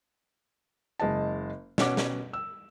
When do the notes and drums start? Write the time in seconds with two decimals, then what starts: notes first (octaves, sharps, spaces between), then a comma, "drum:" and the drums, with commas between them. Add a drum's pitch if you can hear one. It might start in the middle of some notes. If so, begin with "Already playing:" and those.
1.00 F#1 G#3 D#5 A5
1.78 B2 C#4 C#5 F#5 D6, drum: snare
1.97 drum: snare
2.33 E6